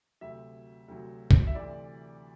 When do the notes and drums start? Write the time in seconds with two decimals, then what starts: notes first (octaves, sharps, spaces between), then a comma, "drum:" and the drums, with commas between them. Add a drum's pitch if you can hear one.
0.21 D2 C3 F#3 E5
0.88 D2 C3 F#3
1.31 drum: kick C2
1.47 E5
1.55 D2 C3 E3 D5